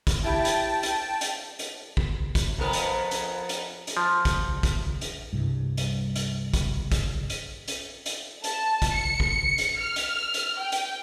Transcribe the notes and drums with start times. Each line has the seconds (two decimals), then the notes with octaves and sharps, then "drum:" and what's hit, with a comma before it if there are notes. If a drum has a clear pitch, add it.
0.07 drum: kick, hi-hat
0.24 E4 G4 G5 A5
0.45 drum: hi-hat
0.83 drum: hi-hat
1.21 drum: hi-hat
1.59 drum: hi-hat
1.97 drum: kick
2.35 drum: kick, hi-hat
2.58 F2 B3 A#4
2.73 drum: hi-hat
3.11 drum: hi-hat
3.49 drum: hi-hat
3.87 drum: hi-hat
3.97 F3
4.25 drum: kick, hi-hat
4.63 drum: kick, hi-hat
5.01 drum: hi-hat
5.33 C2 G2
5.77 drum: hi-hat
6.16 drum: hi-hat
6.54 drum: kick, hi-hat
6.92 drum: kick, hi-hat
7.30 drum: hi-hat
7.68 drum: hi-hat
8.06 drum: hi-hat
8.44 A5, drum: hi-hat
8.82 drum: kick, hi-hat
8.93 C#7
9.20 drum: kick
9.58 drum: hi-hat
9.79 F6
9.96 drum: hi-hat
10.34 drum: hi-hat
10.58 G5
10.72 drum: hi-hat